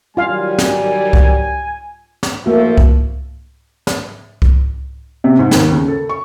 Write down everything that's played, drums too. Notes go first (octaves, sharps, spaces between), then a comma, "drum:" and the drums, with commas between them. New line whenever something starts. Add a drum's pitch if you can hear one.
D#3 F#3 G3 F4 F5 G#5
drum: snare
drum: kick C2
drum: snare
A2 F3 A#3 F#4 A4 E5
drum: kick C2
drum: snare
drum: kick C2
C3
G#2
D#2, drum: snare
C#3
A4
C#6